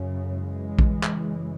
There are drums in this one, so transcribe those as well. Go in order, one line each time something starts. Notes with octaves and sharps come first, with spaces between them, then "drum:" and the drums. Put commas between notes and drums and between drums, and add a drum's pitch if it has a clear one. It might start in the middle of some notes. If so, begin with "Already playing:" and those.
Already playing: F#2 C#3
E3 G#3
drum: kick A#1
F#2 C#3, drum: clap